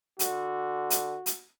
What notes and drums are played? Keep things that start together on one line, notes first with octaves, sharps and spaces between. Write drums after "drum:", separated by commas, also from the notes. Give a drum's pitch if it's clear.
D3 F#4, drum: hi-hat
drum: hi-hat
drum: hi-hat